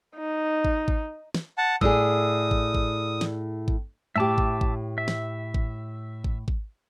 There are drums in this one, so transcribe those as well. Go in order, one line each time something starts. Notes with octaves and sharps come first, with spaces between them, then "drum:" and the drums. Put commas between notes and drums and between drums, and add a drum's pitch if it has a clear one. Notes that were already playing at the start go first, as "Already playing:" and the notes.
D#4
drum: kick G#1
drum: kick G#1
drum: snare
F#5 A5
A2 G#4 D5 D#6 E6, drum: kick G#1
drum: kick G#1
drum: kick G#1
drum: snare
drum: kick G#1
A2 G4 E5 A5 D6
drum: kick G#1
drum: kick G#1
E5
drum: snare
drum: kick G#1
drum: kick G#1
drum: kick G#1